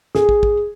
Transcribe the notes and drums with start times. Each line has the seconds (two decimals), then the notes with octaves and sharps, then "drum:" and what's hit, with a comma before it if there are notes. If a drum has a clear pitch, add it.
0.15 G#4, drum: snare
0.29 drum: kick
0.43 drum: kick